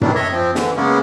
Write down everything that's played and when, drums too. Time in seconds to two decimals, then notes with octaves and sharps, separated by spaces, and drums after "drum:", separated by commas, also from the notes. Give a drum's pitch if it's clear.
0.01 D#3 E3 F#3 G3 D4, drum: tom F#2
0.15 C#5 D#5 E5
0.32 F3 C4
0.55 D3 E3, drum: snare
0.76 C#3 G#3 A#3 B3 C#4